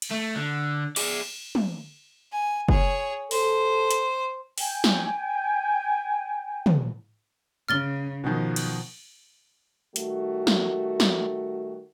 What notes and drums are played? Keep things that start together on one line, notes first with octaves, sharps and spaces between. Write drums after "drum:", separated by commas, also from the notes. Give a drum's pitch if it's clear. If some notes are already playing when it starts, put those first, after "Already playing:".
drum: cymbal
A3
D3
G#4 D5, drum: cymbal
drum: tom
G#5
G#4 C#5, drum: kick F#1
A4 C5, drum: open hi-hat
drum: hi-hat
G5 G#5, drum: open hi-hat
drum: snare
drum: tom
C#3 F6 A6 G7
B2 D#3 F3
drum: cymbal
D#3 G3 A3 F#4, drum: hi-hat
drum: snare
drum: snare